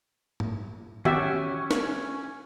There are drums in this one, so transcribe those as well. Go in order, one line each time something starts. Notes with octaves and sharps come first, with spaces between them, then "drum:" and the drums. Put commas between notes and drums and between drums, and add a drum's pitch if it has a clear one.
drum: tom G#2
C#4 F#4 G4 E5, drum: tom D#3
drum: snare